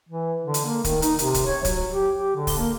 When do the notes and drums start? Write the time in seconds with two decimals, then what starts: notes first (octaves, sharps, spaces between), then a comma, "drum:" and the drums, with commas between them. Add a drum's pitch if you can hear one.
0.09 E3
0.45 D3
0.54 drum: hi-hat
0.65 A#3
0.84 D#3, drum: kick, hi-hat
1.02 D#4, drum: hi-hat
1.19 C3, drum: hi-hat
1.34 drum: kick, hi-hat
1.46 C#5
1.65 F#3, drum: kick, hi-hat
1.91 G4
2.19 G4
2.36 D3
2.47 drum: kick, open hi-hat
2.58 A#3